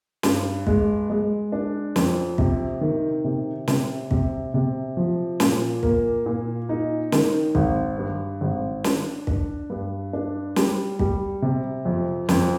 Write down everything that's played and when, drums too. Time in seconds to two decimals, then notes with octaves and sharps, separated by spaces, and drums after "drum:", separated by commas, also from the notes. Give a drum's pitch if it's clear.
0.23 G2, drum: snare
0.67 G#3, drum: kick
1.10 G#3
1.52 D4
1.96 F2, drum: snare
2.38 C3, drum: kick
2.81 D#3
3.24 C3
3.68 C3, drum: snare
4.11 C3, drum: kick
4.54 C3
4.97 F3
5.40 A#2, drum: snare
5.83 A#3, drum: kick
6.26 A#2
6.69 D#4
7.12 D#3, drum: snare
7.55 G#1, drum: kick
7.98 G2
8.41 G#1
8.84 D4, drum: snare
9.27 D4, drum: kick
9.70 G2
10.13 D4
10.56 G3, drum: snare
10.99 G3, drum: kick
11.42 C3
11.85 F2
12.29 F2, drum: snare